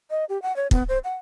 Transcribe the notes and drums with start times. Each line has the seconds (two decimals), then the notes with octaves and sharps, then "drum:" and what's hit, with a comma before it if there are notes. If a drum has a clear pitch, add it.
0.10 D#5
0.29 G4
0.42 F#5
0.56 C#5
0.71 B3, drum: kick
0.89 C5
1.04 F#5